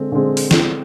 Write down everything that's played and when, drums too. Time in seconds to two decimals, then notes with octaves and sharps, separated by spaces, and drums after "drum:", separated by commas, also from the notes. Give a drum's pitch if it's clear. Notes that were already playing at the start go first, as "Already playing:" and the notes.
Already playing: D3 G#3 C4
0.12 D3 G#3 C4
0.37 drum: open hi-hat
0.51 drum: snare